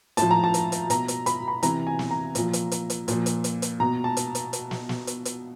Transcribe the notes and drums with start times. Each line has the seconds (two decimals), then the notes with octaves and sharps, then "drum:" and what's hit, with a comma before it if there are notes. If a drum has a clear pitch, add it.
0.17 A2 F3 A5, drum: hi-hat
0.31 A#5
0.44 A5
0.54 drum: hi-hat
0.72 drum: hi-hat
0.90 B2 A#5, drum: hi-hat
1.08 drum: hi-hat
1.26 B5, drum: hi-hat
1.48 B5
1.63 C3 E3 A#5, drum: hi-hat
1.87 G#5
1.99 drum: snare
2.11 A#5
2.35 A#2 F3, drum: hi-hat
2.53 drum: hi-hat
2.72 drum: hi-hat
2.90 drum: hi-hat
3.08 A#2 F3, drum: hi-hat
3.26 drum: hi-hat
3.44 drum: hi-hat
3.62 drum: hi-hat
3.80 B2 A#5
4.04 A5
4.17 drum: hi-hat
4.35 drum: hi-hat
4.53 drum: hi-hat
4.71 drum: snare
4.89 drum: snare
5.07 drum: hi-hat
5.25 drum: hi-hat